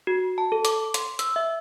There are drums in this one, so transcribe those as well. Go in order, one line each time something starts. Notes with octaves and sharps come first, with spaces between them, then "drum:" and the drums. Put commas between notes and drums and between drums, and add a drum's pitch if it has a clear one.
F#4
A5
A4
D6, drum: hi-hat
C6, drum: hi-hat
E6, drum: hi-hat
E5